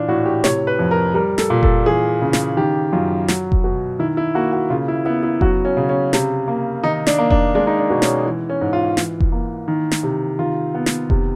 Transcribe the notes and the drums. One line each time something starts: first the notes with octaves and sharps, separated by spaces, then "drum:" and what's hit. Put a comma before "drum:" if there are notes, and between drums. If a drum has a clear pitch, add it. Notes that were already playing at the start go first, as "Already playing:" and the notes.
Already playing: A#2 E3 D4
A2 F#4
G4
C3 C#5, drum: snare
B4
F2
A#4
G3 A#4
A4, drum: snare
A#2
A4, drum: kick F1
E3 G#4
C#3
drum: snare
D#3 G4
F#2 F4
F#3, drum: snare
drum: kick F1
B2
D#3 E4
E4
A#3 F#4
F#4
C#3 F4
E4
B3 E4
E4
F#3 F#4, drum: kick F1
C#4
C#3
C#4
C3, drum: snare
A#3
D#3 D#4
D4, drum: snare
A#3
D4, drum: kick F1
G#3 D4
D#4
D4
B2
C#4, drum: snare
E3
C#4
G#2
F4
E3, drum: snare
drum: kick F1
A#3
D#3
drum: snare
C3
D#3 F4
B3
drum: snare
C3, drum: kick F1